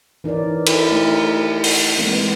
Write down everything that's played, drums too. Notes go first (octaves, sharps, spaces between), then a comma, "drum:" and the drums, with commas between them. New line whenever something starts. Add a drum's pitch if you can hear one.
E3 D#4 A#4 C#5 D5
D#4 E4 A4 A#4, drum: cymbal
A3 D#4
drum: open hi-hat
E3 G#3 A#3 C4
B4